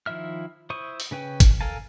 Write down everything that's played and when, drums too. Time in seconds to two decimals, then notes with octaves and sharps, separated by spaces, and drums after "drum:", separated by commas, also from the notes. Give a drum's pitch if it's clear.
0.06 D#3 F3 E4 E5 F6
0.70 E4 C5 C#6 D#6
1.00 drum: open hi-hat
1.11 C#3 C#4 B4 G5
1.40 drum: kick G#1, hi-hat
1.61 A4 A#4 F5 G#5 A5